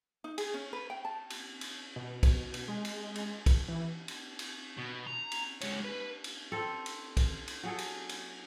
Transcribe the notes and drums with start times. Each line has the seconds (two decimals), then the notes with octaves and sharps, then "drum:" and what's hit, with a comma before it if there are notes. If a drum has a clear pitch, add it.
0.24 D#4
0.38 G#4, drum: cymbal
0.54 C#4
0.73 B4
0.90 G5
1.05 A5
1.30 drum: cymbal
1.61 drum: cymbal
1.96 B2
2.23 drum: kick, cymbal
2.54 drum: cymbal
2.68 G#3
2.85 drum: cymbal
3.15 drum: cymbal
3.46 drum: kick, cymbal
3.68 E3
4.08 drum: cymbal
4.39 drum: cymbal
4.77 B2
5.06 A#5
5.32 drum: cymbal
5.61 G#3 C#5, drum: cymbal
5.84 B4
6.24 drum: cymbal
6.52 C4 A4
6.86 drum: cymbal
7.17 drum: kick, cymbal
7.48 drum: cymbal
7.63 F#3 G#4 A4
7.78 drum: cymbal
8.09 drum: cymbal